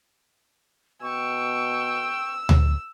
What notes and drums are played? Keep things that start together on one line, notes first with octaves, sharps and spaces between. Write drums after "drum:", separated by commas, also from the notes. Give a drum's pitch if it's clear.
B2 G5 C#6 E6
drum: tom D2